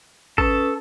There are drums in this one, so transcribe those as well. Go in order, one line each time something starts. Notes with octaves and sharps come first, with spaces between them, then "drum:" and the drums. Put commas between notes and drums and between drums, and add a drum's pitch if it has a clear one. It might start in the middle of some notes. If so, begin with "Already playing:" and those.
C#4 A4 B4 D#6, drum: kick G#1